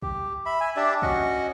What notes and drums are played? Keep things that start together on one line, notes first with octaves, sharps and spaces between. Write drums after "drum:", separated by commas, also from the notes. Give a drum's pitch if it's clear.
G4, drum: kick
E5 B5
E5 G#5
D4 G4 D5 E5
C#4 F#4 D#5 F#5, drum: kick